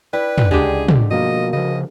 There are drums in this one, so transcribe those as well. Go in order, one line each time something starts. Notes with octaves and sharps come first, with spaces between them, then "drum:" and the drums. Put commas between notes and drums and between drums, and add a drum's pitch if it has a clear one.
E4 B4 D5 G5
drum: tom
C#2 D3 G#3 G4 G#4
drum: tom
B2 F3 A#3 F#4 A#4 D#5 F5
C#3 F3 D#5